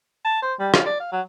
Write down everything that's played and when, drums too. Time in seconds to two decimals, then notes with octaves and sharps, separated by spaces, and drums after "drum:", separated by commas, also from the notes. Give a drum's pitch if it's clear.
0.25 A5
0.42 C5
0.59 G3
0.74 F4, drum: rim click
0.86 D5
1.00 F5
1.12 F#3